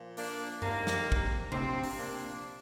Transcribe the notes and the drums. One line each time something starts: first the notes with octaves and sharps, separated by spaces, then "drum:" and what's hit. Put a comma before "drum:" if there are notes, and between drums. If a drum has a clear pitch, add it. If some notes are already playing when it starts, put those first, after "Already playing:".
Already playing: A#2 F3
A#3 D4, drum: open hi-hat
C3 D#3 A#3, drum: tom F#2
drum: snare
drum: kick
C3 F3 C4, drum: tom
drum: open hi-hat
A#3 D4